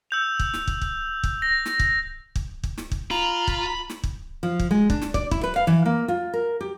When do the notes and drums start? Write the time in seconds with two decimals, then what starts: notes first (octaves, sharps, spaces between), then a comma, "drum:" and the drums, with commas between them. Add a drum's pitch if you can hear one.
0.11 E6 G6 F7
0.39 drum: kick
0.53 drum: snare
0.67 drum: kick
0.81 drum: kick
1.23 drum: kick
1.42 A#6
1.66 drum: snare
1.80 drum: kick
2.36 drum: kick
2.64 drum: kick
2.78 drum: snare
2.92 drum: kick
3.11 F4 A#5 B5
3.48 drum: kick
3.90 drum: snare
4.04 drum: kick
4.43 F3
4.60 drum: kick
4.71 G#3
4.90 D4, drum: kick
5.02 drum: snare
5.14 D5, drum: kick
5.31 E4, drum: kick
5.44 B4
5.56 F5
5.67 E3
5.85 A#3
6.08 F4
6.34 A#4
6.61 G4